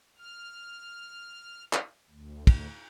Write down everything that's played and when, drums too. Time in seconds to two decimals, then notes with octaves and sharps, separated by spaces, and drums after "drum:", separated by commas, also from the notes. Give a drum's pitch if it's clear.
0.18 F6
1.73 drum: clap
2.10 D2
2.47 drum: kick, cymbal